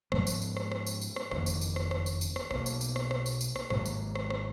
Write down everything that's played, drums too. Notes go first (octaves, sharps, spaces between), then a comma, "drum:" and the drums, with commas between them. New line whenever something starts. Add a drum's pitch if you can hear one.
G#2 F3 G#3 B3, drum: rim click
drum: tambourine
drum: tambourine
drum: rim click
drum: rim click
drum: tambourine
drum: tambourine
drum: rim click
F#1 F2 D#3 A#3, drum: rim click
drum: tambourine
drum: tambourine
drum: rim click
drum: rim click
drum: tambourine
drum: tambourine
drum: rim click
B1 B2 F#3 A#3, drum: rim click
drum: tambourine
drum: tambourine
drum: rim click
drum: rim click
drum: tambourine
drum: tambourine
drum: rim click
G#1 G#2 F#3 A#3, drum: rim click
drum: tambourine
drum: rim click
drum: rim click